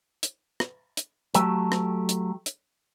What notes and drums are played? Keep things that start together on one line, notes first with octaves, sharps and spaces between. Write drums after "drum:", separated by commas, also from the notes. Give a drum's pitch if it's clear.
drum: hi-hat
drum: rim click
drum: hi-hat
F#3 A3 G4 A4, drum: hi-hat
drum: rim click
drum: hi-hat
drum: hi-hat